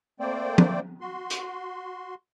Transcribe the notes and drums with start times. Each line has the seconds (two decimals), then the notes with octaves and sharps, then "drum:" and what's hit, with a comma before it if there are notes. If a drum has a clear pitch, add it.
0.20 A3 A#3 C4 C5 D5 G5
0.58 drum: tom
1.01 F#4 C6
1.30 drum: hi-hat